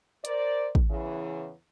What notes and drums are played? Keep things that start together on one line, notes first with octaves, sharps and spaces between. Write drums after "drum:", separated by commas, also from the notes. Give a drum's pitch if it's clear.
A#4 C5 D5, drum: hi-hat
drum: kick A1
E2 C#3 E3